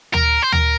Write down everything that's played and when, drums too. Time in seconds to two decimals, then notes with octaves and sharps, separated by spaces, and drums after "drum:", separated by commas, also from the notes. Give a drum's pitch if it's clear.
0.14 A#4, drum: tom D2
0.43 C5
0.52 A#4, drum: tom D2